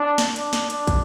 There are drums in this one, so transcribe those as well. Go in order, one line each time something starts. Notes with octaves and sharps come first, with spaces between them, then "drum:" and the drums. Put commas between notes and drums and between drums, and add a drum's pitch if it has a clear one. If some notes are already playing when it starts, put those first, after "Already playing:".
Already playing: D4
drum: snare
D4, drum: hi-hat
drum: snare
D4, drum: hi-hat
drum: kick, hi-hat